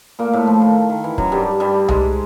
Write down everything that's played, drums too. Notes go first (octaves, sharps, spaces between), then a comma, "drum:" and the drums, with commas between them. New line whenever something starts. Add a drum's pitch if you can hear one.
A#2 A#3
A2 A3
F3
D#3
D#3
E3
F#2 F#3, drum: kick
G2 G3
G2 G3
G#2 G#3, drum: tom C2